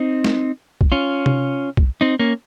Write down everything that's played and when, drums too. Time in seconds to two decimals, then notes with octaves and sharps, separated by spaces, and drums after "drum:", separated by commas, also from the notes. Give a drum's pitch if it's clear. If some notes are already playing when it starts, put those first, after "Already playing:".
Already playing: C4 D#4
0.24 drum: snare
0.81 drum: kick
0.92 C#4 F4
1.26 drum: tom C3
1.77 drum: kick
2.01 C4 D#4
2.19 A#3 C#4